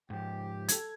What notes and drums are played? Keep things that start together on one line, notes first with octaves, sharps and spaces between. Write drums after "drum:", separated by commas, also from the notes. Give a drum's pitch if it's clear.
G#2 F3 G4
A4 G#6, drum: hi-hat